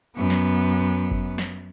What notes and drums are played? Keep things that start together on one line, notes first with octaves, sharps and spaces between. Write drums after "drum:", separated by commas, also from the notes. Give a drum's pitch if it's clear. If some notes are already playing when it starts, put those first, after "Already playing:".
F#2 B3
drum: snare
drum: kick G1
drum: snare